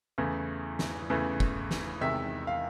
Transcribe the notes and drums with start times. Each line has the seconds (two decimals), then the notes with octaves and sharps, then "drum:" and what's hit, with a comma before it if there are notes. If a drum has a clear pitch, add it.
0.18 E2 C#3 E3 A3
0.79 drum: snare
1.10 E2 C#3 E3 A3
1.40 drum: kick
1.71 drum: snare
2.01 E2 C3 D#3 G#3 E5
2.47 F5